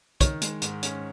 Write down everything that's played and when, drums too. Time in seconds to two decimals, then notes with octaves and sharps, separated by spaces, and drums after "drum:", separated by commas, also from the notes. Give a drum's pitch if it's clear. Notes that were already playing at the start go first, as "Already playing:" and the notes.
0.21 D#3 C#5, drum: kick, hi-hat
0.42 G#3, drum: hi-hat
0.62 G#2, drum: hi-hat
0.83 C#4, drum: hi-hat